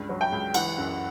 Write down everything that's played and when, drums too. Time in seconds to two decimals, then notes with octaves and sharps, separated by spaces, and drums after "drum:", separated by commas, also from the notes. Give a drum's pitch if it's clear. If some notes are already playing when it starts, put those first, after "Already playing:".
Already playing: C#2 G2
0.09 F#3
0.21 G5
0.32 C#2
0.54 E3 F#5, drum: cymbal
0.78 F#2